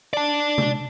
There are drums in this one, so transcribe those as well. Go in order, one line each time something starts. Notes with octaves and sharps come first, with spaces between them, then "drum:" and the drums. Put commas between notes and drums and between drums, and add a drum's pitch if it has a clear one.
D5 A5
drum: tom C3